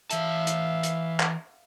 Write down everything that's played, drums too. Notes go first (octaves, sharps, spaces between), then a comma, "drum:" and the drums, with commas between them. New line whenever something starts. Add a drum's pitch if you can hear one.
E3 E5 F5 A5, drum: hi-hat
drum: hi-hat
drum: hi-hat
drum: clap